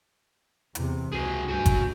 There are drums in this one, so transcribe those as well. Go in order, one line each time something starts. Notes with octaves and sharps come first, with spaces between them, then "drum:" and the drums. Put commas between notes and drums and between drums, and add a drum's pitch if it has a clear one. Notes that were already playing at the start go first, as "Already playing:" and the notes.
E2 C3, drum: hi-hat
C#2 F#4 G#4
D2 G2 F#4 G#5
drum: kick G1, hi-hat